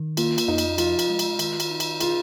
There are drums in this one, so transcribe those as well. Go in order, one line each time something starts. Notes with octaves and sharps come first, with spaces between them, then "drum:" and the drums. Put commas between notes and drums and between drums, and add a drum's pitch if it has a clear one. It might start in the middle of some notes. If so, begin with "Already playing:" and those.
Already playing: D#3
A#3 F4, drum: cymbal
drum: cymbal
F2 D#4
drum: cymbal
F3 F4, drum: cymbal
drum: cymbal
G#3
drum: cymbal
D#3, drum: cymbal
drum: cymbal
D#4
drum: cymbal
F4 G#4, drum: cymbal